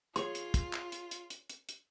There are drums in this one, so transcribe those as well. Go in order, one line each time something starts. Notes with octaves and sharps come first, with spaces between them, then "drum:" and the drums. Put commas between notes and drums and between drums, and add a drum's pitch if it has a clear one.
F4 G#4 C#5 C6, drum: hi-hat
drum: hi-hat
drum: kick, hi-hat
drum: clap
drum: hi-hat
drum: hi-hat
drum: hi-hat
drum: hi-hat
drum: hi-hat